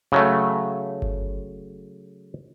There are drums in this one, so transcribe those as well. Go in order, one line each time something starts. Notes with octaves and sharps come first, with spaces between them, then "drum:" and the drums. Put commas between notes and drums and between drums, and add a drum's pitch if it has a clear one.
C#3 F#3 A3
drum: kick G1